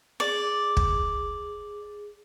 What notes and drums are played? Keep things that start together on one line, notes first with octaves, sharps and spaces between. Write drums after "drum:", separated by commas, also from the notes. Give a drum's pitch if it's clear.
G#4 D5
drum: kick